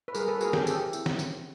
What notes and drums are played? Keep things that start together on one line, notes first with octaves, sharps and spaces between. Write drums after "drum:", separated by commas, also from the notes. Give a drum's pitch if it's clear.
B4
G3 G#4 A#4, drum: tambourine
A4 B4
A#3 D4 F#4 G#4 A#4, drum: tambourine
G4 A4, drum: snare
G#4
C4 G4 A4, drum: tambourine
E4 G4, drum: tambourine
drum: snare
C4, drum: tambourine